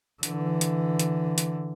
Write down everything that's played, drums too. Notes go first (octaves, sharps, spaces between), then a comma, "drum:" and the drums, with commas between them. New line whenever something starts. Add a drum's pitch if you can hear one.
D3 E3, drum: hi-hat
drum: hi-hat
drum: hi-hat
drum: hi-hat